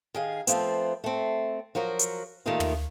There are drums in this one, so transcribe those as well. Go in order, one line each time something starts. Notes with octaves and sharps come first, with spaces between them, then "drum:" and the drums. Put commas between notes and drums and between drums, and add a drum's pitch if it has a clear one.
D#3 G#4 F5
F3 A3 B3 C4, drum: hi-hat
A3 C4
F3 F#3 F#4 A#4
drum: hi-hat
D#3 G3 A3 A#3 D#4 F4
drum: tom